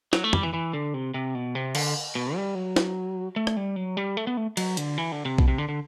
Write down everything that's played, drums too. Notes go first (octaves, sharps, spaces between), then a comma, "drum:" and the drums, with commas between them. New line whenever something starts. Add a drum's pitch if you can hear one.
F#3, drum: snare
A3
G3, drum: tom F2
E3
E3
D3
C3
C3
B2
C3
D3, drum: cymbal
B2
G3
F#3
drum: snare
A3
drum: rim click
G3
F#3
G3
A3
B3
A3
F#3, drum: cymbal
D3, drum: hi-hat
E3
D3
C3
B2, drum: kick A#1
C3
D3
D3